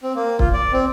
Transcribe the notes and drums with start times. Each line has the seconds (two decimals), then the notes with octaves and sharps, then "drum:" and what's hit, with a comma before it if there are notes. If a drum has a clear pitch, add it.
0.03 C4
0.15 A#3
0.39 F4, drum: kick C#1
0.53 D5
0.73 C4